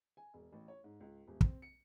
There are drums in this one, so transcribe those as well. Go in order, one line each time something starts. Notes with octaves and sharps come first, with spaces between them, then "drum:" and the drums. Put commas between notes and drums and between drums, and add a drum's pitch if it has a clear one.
G#5
E1
A1
C#5
G#2
C#2
D#1
C4, drum: kick
C#7